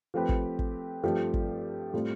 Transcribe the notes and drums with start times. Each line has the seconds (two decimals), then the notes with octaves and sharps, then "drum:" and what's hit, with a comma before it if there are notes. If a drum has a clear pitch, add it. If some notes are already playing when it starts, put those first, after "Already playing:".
0.14 F3 A3 C4 G4 B4
0.29 drum: kick
0.59 drum: kick
1.03 G2 F3 A3 C4 G4
1.34 drum: kick
1.93 A2 G3 C4 F4 A4